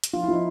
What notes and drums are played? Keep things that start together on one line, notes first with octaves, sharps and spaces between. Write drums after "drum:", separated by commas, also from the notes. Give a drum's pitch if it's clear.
drum: hi-hat
F3 F4
F3 E4
D#4